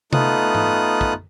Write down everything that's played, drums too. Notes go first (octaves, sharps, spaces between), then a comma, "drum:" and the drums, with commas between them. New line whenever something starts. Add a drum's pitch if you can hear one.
A3 B3 D#4 F4 D#6 F#6, drum: tom C3
drum: tom G#2
drum: kick